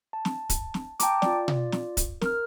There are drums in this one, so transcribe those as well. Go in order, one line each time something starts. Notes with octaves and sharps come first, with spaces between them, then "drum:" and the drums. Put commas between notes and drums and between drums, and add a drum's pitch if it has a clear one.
A5
drum: snare
drum: kick, hi-hat
drum: snare
G5 A5 A#5 D6, drum: hi-hat
F4 D5, drum: snare
drum: tom B2
drum: snare
drum: kick, hi-hat
A#4 F6, drum: snare